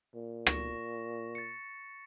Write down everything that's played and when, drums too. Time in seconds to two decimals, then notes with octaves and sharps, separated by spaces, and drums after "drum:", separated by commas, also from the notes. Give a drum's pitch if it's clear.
0.15 A#2
0.47 C#6 A#6 E7, drum: rim click
1.35 A6 C#7